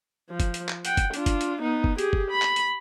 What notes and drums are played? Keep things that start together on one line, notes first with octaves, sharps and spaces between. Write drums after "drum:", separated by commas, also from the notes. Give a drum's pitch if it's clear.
F3
drum: kick, hi-hat
drum: hi-hat
drum: clap
F#5 G5, drum: hi-hat
drum: kick, hi-hat
D4 F4, drum: hi-hat
drum: kick, hi-hat
drum: hi-hat
B3 D#4
drum: kick
G4 G#4, drum: hi-hat
drum: kick
B5
drum: clap
drum: hi-hat